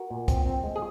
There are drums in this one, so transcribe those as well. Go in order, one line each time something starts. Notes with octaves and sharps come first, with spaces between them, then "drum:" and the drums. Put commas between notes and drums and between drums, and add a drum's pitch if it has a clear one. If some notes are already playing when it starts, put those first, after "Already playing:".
Already playing: F#4 A#4
A#2
C4, drum: kick, hi-hat
C4
G#3
G#4